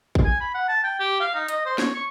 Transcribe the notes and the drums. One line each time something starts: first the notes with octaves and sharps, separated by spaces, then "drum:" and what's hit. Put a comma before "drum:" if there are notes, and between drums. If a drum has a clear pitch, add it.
drum: kick
G#5
B5
F#5
A5
G5
G4
F5
D#4
D#5, drum: hi-hat
C5
C#5, drum: snare
C#6